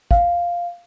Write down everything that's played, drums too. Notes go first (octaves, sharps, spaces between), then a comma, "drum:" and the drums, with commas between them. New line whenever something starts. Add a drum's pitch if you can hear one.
F5, drum: kick